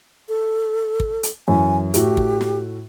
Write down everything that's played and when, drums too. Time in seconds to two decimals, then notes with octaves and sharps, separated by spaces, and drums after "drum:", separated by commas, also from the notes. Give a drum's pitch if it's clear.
0.29 A4
1.00 drum: kick
1.23 drum: hi-hat
1.48 F#2 E3 G#5
1.94 A2 A3 F#4 G4, drum: hi-hat
2.17 drum: kick
2.41 drum: snare